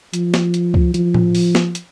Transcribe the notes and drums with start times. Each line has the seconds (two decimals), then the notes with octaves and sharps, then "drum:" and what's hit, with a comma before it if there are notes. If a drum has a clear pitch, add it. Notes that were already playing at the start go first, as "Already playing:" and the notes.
0.13 F3, drum: hi-hat
0.34 drum: snare
0.54 drum: hi-hat
0.74 drum: kick C#2
0.94 F3, drum: hi-hat
1.14 drum: tom A2
1.35 drum: open hi-hat
1.55 drum: snare
1.75 drum: hi-hat